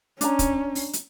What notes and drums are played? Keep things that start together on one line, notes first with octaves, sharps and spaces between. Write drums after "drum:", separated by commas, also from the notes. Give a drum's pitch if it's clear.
C#4 D4 A#5, drum: hi-hat
drum: kick, hi-hat
drum: open hi-hat
drum: hi-hat